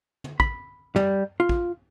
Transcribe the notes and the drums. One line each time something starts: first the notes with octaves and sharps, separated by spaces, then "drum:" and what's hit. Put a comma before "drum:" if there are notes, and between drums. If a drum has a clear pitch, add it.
drum: tom
B5, drum: kick
G3, drum: tom
F4
drum: kick